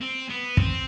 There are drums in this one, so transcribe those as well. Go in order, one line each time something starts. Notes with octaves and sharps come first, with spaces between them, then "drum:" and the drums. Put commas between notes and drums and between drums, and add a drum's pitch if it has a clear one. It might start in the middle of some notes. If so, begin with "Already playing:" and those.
C4
B3
C4, drum: kick